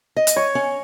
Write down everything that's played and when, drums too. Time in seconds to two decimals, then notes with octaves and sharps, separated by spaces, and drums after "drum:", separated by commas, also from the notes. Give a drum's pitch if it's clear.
0.16 D#5
0.27 drum: hi-hat
0.36 C#5
0.55 C#4